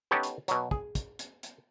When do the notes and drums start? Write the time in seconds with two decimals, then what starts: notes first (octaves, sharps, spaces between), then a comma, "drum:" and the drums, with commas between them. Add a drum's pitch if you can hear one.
0.11 B3 C#4 D#4 G4 A4
0.23 drum: hi-hat
0.48 B2 F#3, drum: hi-hat
0.71 G#4, drum: kick
0.95 drum: kick, hi-hat
1.19 drum: hi-hat
1.43 drum: hi-hat